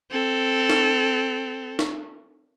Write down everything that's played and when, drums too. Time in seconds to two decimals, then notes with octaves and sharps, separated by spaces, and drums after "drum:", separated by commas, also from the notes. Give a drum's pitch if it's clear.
0.11 C4 A4
0.70 drum: snare
1.79 drum: snare